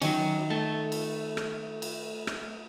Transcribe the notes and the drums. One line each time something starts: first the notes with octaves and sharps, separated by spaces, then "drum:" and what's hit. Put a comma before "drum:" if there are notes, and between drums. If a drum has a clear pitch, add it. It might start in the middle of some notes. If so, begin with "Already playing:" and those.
D#3 F#3 C#4, drum: cymbal
A3 A5
drum: cymbal
drum: rim click
drum: cymbal
drum: rim click